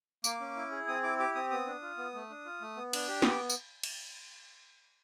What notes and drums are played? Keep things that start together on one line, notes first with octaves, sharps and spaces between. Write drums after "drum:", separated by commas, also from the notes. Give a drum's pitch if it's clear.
A#3 D6, drum: tambourine
C#4
E4
G#4
C4 D#6
E4 D6
G4 D6
C4 D#6
B3 D#6
D4
F4
B3
A3
D4
F4
A3
B3
D4, drum: cymbal
G4
B3 D#6, drum: snare
D6
drum: tambourine
drum: cymbal